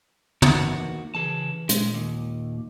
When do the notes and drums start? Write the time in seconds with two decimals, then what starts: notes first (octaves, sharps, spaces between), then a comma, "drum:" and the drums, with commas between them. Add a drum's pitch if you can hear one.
0.42 D#2 D#3 E3 F#4, drum: tom
1.15 C#3 E3 G#4 A5
1.69 A#2 G#3, drum: hi-hat
1.94 D#2